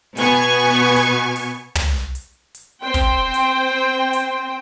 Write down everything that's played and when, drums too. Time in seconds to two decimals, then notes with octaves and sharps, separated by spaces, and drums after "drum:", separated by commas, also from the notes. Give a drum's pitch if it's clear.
0.17 B2 B3 G#5 C#6 G#6, drum: hi-hat
0.96 drum: hi-hat
1.36 drum: open hi-hat
1.75 drum: tom
2.15 drum: hi-hat
2.55 drum: hi-hat
2.82 C4 C5 G5
2.94 drum: kick, hi-hat
3.34 drum: hi-hat
4.13 drum: hi-hat